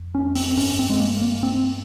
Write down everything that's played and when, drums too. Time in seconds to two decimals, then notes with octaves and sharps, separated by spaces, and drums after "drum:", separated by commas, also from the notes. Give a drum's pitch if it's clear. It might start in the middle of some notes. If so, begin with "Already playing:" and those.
Already playing: F2
0.15 C#4
0.35 C4, drum: open hi-hat
0.57 G2 C#4, drum: open hi-hat
0.79 C4
0.90 G#3
1.00 A#3
1.21 A#3
1.43 C4